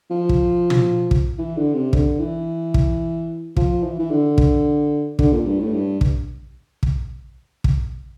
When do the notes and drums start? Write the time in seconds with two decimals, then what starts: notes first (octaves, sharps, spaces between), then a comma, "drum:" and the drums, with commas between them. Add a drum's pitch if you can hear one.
0.11 F3
0.29 drum: kick
0.70 drum: tom
1.11 drum: kick
1.38 E3
1.57 D3
1.74 C3
1.93 D3, drum: kick
2.20 E3
2.74 drum: kick
3.56 F3, drum: kick
3.83 E3
3.99 E3
4.11 D3
4.38 drum: kick
5.19 D3, drum: kick
5.33 A#2
5.46 G2
5.60 A2
5.74 G2
6.01 drum: kick
6.83 drum: kick
7.64 drum: kick